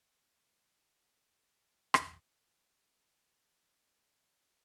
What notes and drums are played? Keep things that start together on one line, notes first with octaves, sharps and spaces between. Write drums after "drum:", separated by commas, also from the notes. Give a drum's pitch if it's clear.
A4
G2 C#4
A1 C6
A4 D5 B5
C4 D4 G4
G4 A#4 D#6
drum: rim click
F#4
F#4 A#4
D4 D#4 G4 G#4 A#4 D5
D#4 B4 E5
C#4 E4 A4 D#5 F5
C4 D4 E4 C5